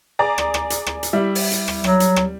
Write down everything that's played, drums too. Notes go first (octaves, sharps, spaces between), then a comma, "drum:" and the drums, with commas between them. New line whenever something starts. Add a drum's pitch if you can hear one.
G#4 D5 A#5
drum: rim click
drum: rim click
drum: hi-hat
drum: rim click
drum: hi-hat
G3 E4 E5
drum: open hi-hat
drum: hi-hat
drum: rim click
F#3, drum: rim click
drum: hi-hat
drum: rim click